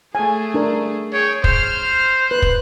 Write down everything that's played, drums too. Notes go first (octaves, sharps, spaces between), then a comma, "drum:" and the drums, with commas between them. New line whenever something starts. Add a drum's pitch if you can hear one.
A3 G#4 G#5 A5
D4 A#4
G#4 C#5 G5
C5 F6, drum: kick
B4 F#6
drum: kick